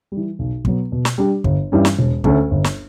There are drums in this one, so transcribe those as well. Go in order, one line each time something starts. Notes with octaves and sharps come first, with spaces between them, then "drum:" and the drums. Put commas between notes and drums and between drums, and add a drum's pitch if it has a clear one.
G3
E3
B1
B2 F#3 B3, drum: kick
B2
drum: snare
G3 D4 G4
G1, drum: kick
G2 E3 G3 C#4
drum: snare
E1
D2 D3 A3 C#4, drum: kick
G1
drum: snare